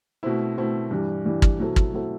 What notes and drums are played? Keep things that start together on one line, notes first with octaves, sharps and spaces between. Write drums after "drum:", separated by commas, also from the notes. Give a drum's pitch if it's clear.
B2 A3 C4 E4
B2 A3 C4 E4
G2 E3 G3
G2 E3 G3
drum: kick
B2 F#3 C4 E4 A4
drum: kick
B2 F#3 C4 E4 A4